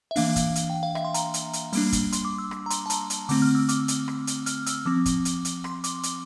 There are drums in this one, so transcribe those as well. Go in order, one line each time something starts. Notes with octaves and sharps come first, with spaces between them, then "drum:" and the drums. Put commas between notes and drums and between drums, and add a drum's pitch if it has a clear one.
E5
E3 A#3 D4 F5, drum: open hi-hat
drum: kick, hi-hat
drum: hi-hat
G5
F5
E5, drum: rim click
C6
A#5, drum: hi-hat
drum: hi-hat
drum: hi-hat
G3 A#3 D4, drum: open hi-hat
drum: kick, hi-hat
C6, drum: hi-hat
D6
E6
drum: rim click
A#5
C6, drum: hi-hat
A5
A#5, drum: hi-hat
drum: hi-hat
D3 A3 C4 D6, drum: open hi-hat
F6
E6
D6, drum: hi-hat
drum: hi-hat
drum: rim click
drum: hi-hat
F6, drum: hi-hat
E6, drum: hi-hat
F3 C4 D6
drum: kick, hi-hat
drum: hi-hat
drum: hi-hat
C6, drum: rim click
D6, drum: hi-hat
drum: hi-hat